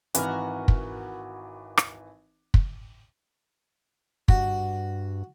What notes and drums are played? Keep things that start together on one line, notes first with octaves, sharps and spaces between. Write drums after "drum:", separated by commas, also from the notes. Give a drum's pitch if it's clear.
G#1 E3 F#4 A#4 B4, drum: hi-hat
drum: kick
drum: rim click
drum: kick
G2 F#4, drum: kick